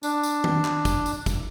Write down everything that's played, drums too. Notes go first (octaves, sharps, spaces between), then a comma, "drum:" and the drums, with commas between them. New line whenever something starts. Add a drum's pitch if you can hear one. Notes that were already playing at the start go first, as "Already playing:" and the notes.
D4, drum: tambourine
drum: tambourine
drum: tom D#3
drum: clap
drum: kick, tambourine
drum: tambourine
drum: kick, tambourine